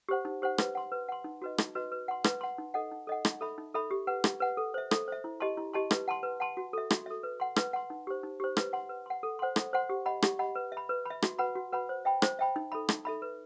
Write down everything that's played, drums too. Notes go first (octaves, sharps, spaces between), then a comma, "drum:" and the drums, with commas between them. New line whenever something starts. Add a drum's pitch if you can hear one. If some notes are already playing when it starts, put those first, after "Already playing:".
G4 C5 F#5
D#4
G4 C5 F#5
B4, drum: rim click
F#5 C6
B4
F#5 C6
D#4
F#4 B4 D#5
D#4, drum: rim click
F#4 B4 D#5
B4
F#5 C6
B4, drum: rim click
F#5 C6
D#4
A4 D#5 F#5
D#4
A4 D#5 F#5
D#4, drum: rim click
A4 E5 B5
D#4
A4 E5 B5
G4
B4 F#5
G4, drum: rim click
B4 F#5
A4
C5 E5
A4, drum: rim click
C5 E5
E4
G4 D#5 A5 C6
E4
G4 D#5 A5 C6
B4, drum: rim click
F#5 A5 C6
B4
F#5 A5 C6
F#4
A4 E5
F#4, drum: rim click
A4 E5
B4
F#5 C6
B4, drum: rim click
F#5 C6
D#4
G4 C5
D#4
G4 C5
B4, drum: rim click
F#5 C6
B4
F#5 C6
A4
C5 F#5 C6
A4, drum: rim click
C5 F#5 C6
G4
D#5 F#5 B5
G4, drum: rim click
D#5 F#5 B5
B4
E5 B5
B4
E5 B5
F#4, drum: rim click
B4 F#5 B5
F#4
B4 F#5 B5
C5
E5 G5 B5
C5, drum: rim click
E5 G5 B5
D#4
A4 E5 B5
D#4, drum: rim click
A4 E5 B5
B4